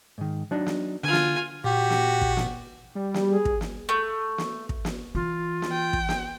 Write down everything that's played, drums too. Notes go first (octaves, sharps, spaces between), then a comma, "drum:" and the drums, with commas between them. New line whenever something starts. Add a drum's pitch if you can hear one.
G#2 D#3
F#3 D4 D#4
drum: snare
D3 F4 G#5
drum: snare
A#2 F#4 G4
drum: snare
drum: kick
drum: snare
G3
drum: snare
G#4
drum: kick
drum: snare
A3
drum: snare
drum: kick
drum: snare
E3 F4
drum: snare
G5
drum: kick
drum: snare